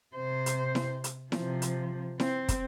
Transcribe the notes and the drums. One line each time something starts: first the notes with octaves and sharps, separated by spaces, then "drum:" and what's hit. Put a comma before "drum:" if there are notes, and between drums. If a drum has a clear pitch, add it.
C3 C5
drum: hi-hat
drum: snare E4
drum: hi-hat
C3 F3, drum: snare E4
drum: hi-hat
C4, drum: snare E4
drum: kick, hi-hat